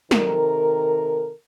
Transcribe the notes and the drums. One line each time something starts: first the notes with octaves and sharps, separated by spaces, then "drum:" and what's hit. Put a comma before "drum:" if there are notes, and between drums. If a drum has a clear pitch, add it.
C3 D#3 A4 A#4, drum: snare